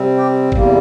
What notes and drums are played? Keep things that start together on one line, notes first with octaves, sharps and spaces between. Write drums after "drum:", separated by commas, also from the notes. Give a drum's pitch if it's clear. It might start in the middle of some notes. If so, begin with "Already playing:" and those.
Already playing: C3 G3 C4
G4 G5
E2 C3 G3 A#3, drum: kick G1